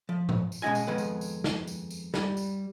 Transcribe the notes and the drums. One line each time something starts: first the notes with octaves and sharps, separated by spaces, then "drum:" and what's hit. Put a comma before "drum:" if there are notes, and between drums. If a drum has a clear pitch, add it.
F3
drum: tom A2
drum: tambourine
B2 G#3 C#4 F4 D#5 G#5
drum: tambourine
F2 D#3 G#3 B3 B4 F#5
drum: tambourine
drum: tambourine
drum: snare
drum: tambourine
drum: tambourine
G3, drum: snare
drum: tambourine